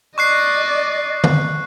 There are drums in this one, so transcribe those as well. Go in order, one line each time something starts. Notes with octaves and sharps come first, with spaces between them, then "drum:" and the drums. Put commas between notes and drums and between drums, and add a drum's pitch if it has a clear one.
D5 D#5 C#6 F#6 C7
drum: tom D3